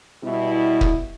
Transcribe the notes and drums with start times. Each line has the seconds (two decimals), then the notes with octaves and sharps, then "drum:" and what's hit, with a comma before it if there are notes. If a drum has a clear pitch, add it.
0.24 B2 G3 E4
0.81 drum: kick